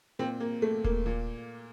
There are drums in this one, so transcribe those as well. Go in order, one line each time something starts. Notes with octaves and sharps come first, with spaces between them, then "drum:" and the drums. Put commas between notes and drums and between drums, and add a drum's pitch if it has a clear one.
A#2 C4
A#3
A3
A#3, drum: kick D#1
A#2